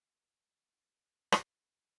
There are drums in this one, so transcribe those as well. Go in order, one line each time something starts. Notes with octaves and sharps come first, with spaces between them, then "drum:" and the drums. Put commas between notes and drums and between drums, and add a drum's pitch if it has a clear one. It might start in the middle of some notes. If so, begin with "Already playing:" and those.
B1 G3 A3 A#3 C4
drum: rim click